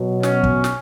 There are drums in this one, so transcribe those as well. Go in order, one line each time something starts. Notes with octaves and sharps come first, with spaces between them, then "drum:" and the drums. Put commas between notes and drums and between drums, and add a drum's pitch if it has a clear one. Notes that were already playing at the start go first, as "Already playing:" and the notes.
Already playing: B2 F#3
C#4, drum: snare
drum: kick
drum: snare